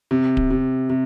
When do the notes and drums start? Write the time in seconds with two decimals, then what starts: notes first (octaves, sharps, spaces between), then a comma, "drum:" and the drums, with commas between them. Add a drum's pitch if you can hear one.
0.11 C3
0.37 drum: kick D1
0.51 C3
0.90 C3